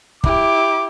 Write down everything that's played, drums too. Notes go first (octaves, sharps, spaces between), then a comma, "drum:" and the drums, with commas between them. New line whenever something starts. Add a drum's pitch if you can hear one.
E4 G4 D6, drum: kick